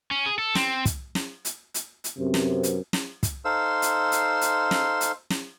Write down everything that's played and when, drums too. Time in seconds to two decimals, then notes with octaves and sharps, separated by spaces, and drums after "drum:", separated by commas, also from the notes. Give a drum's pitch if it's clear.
0.11 C#4
0.26 G#4
0.38 A4
0.55 C4, drum: snare
0.85 drum: kick, hi-hat
1.15 drum: snare
1.45 drum: hi-hat
1.74 drum: hi-hat
2.04 drum: hi-hat
2.17 F#2 C3 B3 C4
2.34 drum: snare
2.63 drum: hi-hat
2.93 drum: snare
3.23 drum: kick, hi-hat
3.45 D#4 A4 C5 F5 C6 E6
3.82 drum: hi-hat
4.12 drum: hi-hat
4.41 drum: hi-hat
4.71 drum: snare
5.01 drum: hi-hat
5.30 drum: snare